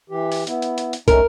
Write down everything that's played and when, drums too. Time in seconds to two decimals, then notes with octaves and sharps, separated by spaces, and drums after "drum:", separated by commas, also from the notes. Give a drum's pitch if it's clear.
0.10 E3 G4
0.32 drum: open hi-hat
0.47 B3 E4, drum: hi-hat
0.62 drum: hi-hat
0.78 drum: hi-hat
0.93 drum: hi-hat
1.08 A3 C#4 D#4 A#4, drum: kick, hi-hat